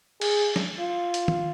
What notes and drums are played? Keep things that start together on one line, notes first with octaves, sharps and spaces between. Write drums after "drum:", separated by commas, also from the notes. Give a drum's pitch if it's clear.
G#4, drum: cymbal
drum: snare
F4
drum: hi-hat
drum: tom